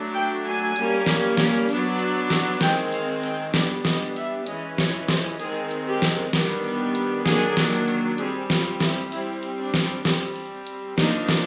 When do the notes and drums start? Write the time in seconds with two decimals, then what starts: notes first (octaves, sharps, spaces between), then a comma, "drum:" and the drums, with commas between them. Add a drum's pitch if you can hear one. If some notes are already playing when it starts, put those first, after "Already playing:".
Already playing: F#3 A3 D4
0.14 G5
0.44 G#5
0.76 G3 A#3 C#4, drum: hi-hat
1.06 drum: snare
1.37 drum: snare
1.69 F#3 B3 D4, drum: open hi-hat
1.99 drum: hi-hat
2.30 drum: snare
2.61 D#3 G#3 C4 G5, drum: snare
2.92 F5, drum: open hi-hat
3.23 G5, drum: hi-hat
3.54 G3 B3 D4 D5, drum: snare
3.85 D#5, drum: snare
4.16 E5, drum: open hi-hat
4.47 E3 G#3 C#4 D#5, drum: hi-hat
4.78 C#5, drum: snare
5.09 C5, drum: snare
5.39 D#3 G#3 C4 G#4, drum: open hi-hat
5.71 drum: hi-hat
5.87 G4
6.02 drum: snare
6.33 D#3 G3 B3 D4, drum: snare
6.64 drum: open hi-hat
6.95 drum: hi-hat
7.26 D#3 F#3 A#3 D4 G#4, drum: snare
7.57 drum: snare
7.88 drum: open hi-hat
8.18 G3 C4 G#4, drum: hi-hat
8.50 F4, drum: snare
8.80 E4, drum: snare
9.12 G3 C4 E4, drum: open hi-hat
9.43 drum: hi-hat
9.58 D4
9.74 drum: snare
10.05 G3 C4, drum: snare
10.36 drum: open hi-hat
10.67 drum: hi-hat
10.98 F3 A#3 D4 D#4, drum: snare
11.29 drum: snare